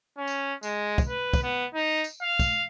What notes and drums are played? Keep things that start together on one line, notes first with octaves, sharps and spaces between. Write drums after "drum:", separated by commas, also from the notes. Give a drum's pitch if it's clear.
C#4
drum: tambourine
G#3, drum: tambourine
drum: kick, tambourine
B4
drum: kick, tambourine
B3
D#4
drum: tambourine
F5
drum: kick, tambourine